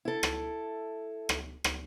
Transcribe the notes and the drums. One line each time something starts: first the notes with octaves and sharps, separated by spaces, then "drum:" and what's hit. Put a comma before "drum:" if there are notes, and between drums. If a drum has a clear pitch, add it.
E4 A4
drum: rim click
drum: rim click
drum: rim click